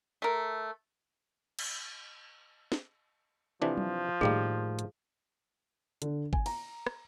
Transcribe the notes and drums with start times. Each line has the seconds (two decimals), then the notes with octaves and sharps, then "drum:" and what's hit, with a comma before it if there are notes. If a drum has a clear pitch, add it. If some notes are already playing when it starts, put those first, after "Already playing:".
0.22 A3 A#4
1.59 drum: cymbal
2.72 drum: snare
3.62 C3 E3 F3 D4
3.77 drum: tom F#3
4.21 A2 D#3 G3 A#3 G#4
4.79 drum: hi-hat
6.02 D3, drum: hi-hat
6.33 G#5, drum: kick G#1
6.46 A#5, drum: cymbal
6.87 drum: rim click